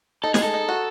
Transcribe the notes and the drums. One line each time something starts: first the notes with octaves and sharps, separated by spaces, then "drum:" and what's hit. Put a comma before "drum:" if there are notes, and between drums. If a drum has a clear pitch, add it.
D#4 A4
G#4, drum: snare
G#3 A4
D#4
F#4